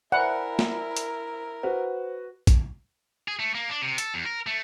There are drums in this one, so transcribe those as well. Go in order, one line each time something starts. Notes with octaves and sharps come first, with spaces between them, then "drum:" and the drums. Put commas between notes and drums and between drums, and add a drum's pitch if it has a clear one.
E4 A#4 C5 D5 E5 F#5 G#5 B5
drum: snare
drum: hi-hat
F#4 B4 C5
drum: kick A1, hi-hat
G#4
A3
A#3
D4
C3
A4, drum: hi-hat
E2
A#4
A3